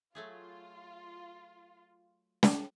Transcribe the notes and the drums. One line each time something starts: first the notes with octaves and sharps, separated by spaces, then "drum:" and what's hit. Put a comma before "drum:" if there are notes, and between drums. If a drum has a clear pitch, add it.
F#3 A3 F4 G#4
drum: snare